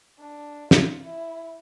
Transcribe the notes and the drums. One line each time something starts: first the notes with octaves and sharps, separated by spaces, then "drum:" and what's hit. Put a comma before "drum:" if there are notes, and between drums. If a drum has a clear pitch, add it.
D4
F4, drum: snare
E4